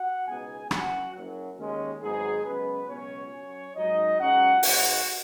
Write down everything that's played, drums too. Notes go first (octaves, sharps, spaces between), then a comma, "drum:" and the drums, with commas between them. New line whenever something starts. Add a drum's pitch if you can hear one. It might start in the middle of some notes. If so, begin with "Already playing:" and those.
Already playing: F#4 F#5
C#2 B2 B3 D#4 G#4 G#5
F#1 F#2 F#3 C#4 F#4 F#5, drum: rim click
F#1 F#2 F#3
D#2 D#3 G#3 C#4
G#1 G#2 F#3 G#3 B3 D#4 G#4
F#2 C#3 G#3 B3 C#4 B4
C#2 B2 F#3 B3 C#4 C#5
F#2 F#3 C#4
G#2 F#3 C#4 D#4 D#5
C#2 C#3 F#3 D#4 F#4 F#5
G#2 G#3 B3 D#4 F#4 F#5, drum: open hi-hat